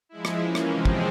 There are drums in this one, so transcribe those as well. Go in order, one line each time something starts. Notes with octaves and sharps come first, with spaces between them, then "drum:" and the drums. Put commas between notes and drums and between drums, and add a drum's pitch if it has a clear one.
F3 G#3 E4
drum: rim click
E3 A#3 C#4
drum: rim click
C3 F3 G#3 C4
drum: kick